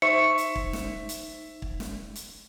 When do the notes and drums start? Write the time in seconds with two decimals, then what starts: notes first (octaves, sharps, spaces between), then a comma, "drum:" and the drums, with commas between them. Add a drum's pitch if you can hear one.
0.02 D#4 C5 E5 C6 C#6 C#7
0.38 drum: hi-hat
0.55 drum: kick
0.73 drum: snare
1.09 drum: hi-hat
1.62 drum: kick
1.80 drum: snare
2.15 drum: hi-hat